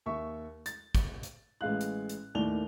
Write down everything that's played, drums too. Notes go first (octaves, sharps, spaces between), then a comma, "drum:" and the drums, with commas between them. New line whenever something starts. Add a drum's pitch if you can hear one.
D#2 E5 C#6
A6, drum: hi-hat
drum: kick, hi-hat
drum: hi-hat
A1 G#3 F5 F#6
drum: hi-hat
drum: hi-hat
D#2 A2 D#3 D5 F7 G7